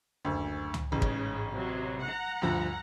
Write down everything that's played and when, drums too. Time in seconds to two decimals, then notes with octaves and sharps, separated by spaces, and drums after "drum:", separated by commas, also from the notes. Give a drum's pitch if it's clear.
0.25 F#1 D2
0.74 drum: tom
0.92 A1 G#2 C#3
1.02 drum: kick
1.52 C3 F#3
2.03 F#5 A#5
2.42 D2 G2 F3